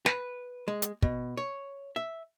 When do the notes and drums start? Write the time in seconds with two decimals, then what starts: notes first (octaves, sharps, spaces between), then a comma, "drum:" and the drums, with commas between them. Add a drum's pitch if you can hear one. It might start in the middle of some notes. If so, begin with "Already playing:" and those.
0.06 B4, drum: snare
0.68 G#3
0.82 drum: hi-hat
1.02 B2, drum: kick
1.37 C#5
1.96 E5